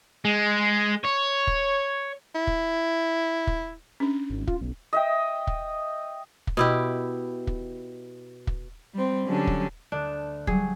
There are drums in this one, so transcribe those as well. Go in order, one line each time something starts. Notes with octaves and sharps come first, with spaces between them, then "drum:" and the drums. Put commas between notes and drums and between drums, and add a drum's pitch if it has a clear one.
G#3
C#5
drum: kick
E4
drum: kick
drum: kick
C#4 D4
G#1
F4, drum: kick
B1
D#5 E5 G5
drum: kick
drum: kick
B2 E4 G4
drum: kick
drum: kick
G3 C4
D3 F#3 G3 C#4 D4
drum: kick
D2 D4 A4 F#6
F#3 G3 G#4, drum: kick